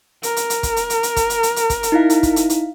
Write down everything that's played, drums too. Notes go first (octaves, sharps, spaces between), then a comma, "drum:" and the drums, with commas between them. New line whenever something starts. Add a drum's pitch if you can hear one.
A#4, drum: hi-hat
drum: hi-hat
drum: hi-hat
drum: kick, hi-hat
drum: hi-hat
drum: hi-hat
drum: hi-hat
drum: kick, hi-hat
drum: hi-hat
drum: hi-hat
drum: hi-hat
drum: kick, hi-hat
drum: hi-hat
D#4 E4 F5
drum: hi-hat
drum: kick, hi-hat
drum: hi-hat
drum: hi-hat